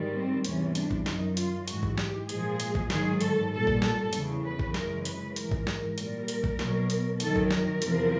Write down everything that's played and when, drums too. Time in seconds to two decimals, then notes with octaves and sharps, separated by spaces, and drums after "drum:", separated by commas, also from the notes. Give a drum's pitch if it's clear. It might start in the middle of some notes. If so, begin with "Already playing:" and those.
Already playing: G#2 D#3 G3
0.14 C4
0.44 E2 C3 E3 G3 C#4, drum: hi-hat
0.75 D4, drum: hi-hat
0.91 drum: kick A1
1.06 F#2 D#3 F#3 D#4, drum: snare
1.37 F4, drum: hi-hat
1.68 G#2 E3 G#3 F#4, drum: hi-hat
1.83 drum: kick A1
1.98 G4, drum: snare
2.29 A#2 F3 G#3 G#4, drum: hi-hat
2.60 drum: hi-hat
2.75 drum: kick A1
2.90 G#2 D#3 F#3 G#4, drum: snare
3.21 A4, drum: hi-hat
3.52 A#2 G3 A4
3.67 drum: kick A1
3.82 A4, drum: snare
4.13 E2 C#3 E3, drum: hi-hat
4.44 B4
4.59 drum: kick A1
4.74 F#2 C#3 E3 G#3 A#4, drum: snare
5.05 B4, drum: hi-hat
5.36 G#2 E3 G#3 A#4, drum: hi-hat
5.52 drum: kick A1
5.67 drum: snare
5.98 A#2 G3 A#4, drum: hi-hat
6.28 drum: hi-hat
6.44 drum: kick A1
6.59 B2 F#3, drum: snare
6.90 drum: hi-hat
7.20 F#2 D#3 F#3 A4, drum: hi-hat
7.36 drum: kick A1
7.51 A#4, drum: snare
7.82 E2 C3 F3, drum: hi-hat